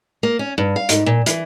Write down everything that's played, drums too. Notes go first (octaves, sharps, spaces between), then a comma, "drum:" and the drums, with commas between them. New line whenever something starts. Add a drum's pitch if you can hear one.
A#3
C#4
G2
F5
G#2, drum: hi-hat
A#2
E3, drum: hi-hat